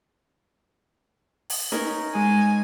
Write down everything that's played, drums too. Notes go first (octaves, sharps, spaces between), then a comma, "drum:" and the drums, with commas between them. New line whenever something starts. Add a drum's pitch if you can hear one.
drum: open hi-hat
C#4 D#4 A#4, drum: snare
G#3 G#5